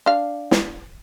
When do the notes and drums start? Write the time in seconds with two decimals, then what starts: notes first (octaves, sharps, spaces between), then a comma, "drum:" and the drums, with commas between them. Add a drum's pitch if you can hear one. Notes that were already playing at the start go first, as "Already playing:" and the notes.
0.06 D4 F5
0.51 drum: snare